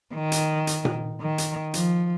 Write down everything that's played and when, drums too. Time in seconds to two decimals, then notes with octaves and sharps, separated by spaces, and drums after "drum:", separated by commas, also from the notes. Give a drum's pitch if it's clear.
0.14 D#3
0.32 drum: hi-hat
0.67 drum: hi-hat
0.85 drum: tom A#2
1.21 D#3
1.38 drum: hi-hat
1.74 F3, drum: hi-hat